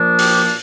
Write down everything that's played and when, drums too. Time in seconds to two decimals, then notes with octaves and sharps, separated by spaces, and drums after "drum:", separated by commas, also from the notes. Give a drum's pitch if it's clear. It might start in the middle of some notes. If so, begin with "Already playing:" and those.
Already playing: A#2 F3 A#3 D4
0.19 G4, drum: open hi-hat